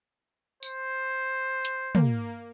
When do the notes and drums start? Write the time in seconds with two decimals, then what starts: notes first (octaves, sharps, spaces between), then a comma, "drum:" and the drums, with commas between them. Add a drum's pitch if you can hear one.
0.63 C5, drum: tambourine
1.65 drum: hi-hat
1.95 A#3, drum: tom